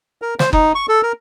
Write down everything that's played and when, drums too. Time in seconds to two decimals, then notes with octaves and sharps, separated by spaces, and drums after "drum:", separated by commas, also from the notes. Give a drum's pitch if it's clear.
0.22 A#4
0.39 C5, drum: snare
0.53 D#4, drum: kick F#1
0.75 C#6
0.89 A4
1.03 A#4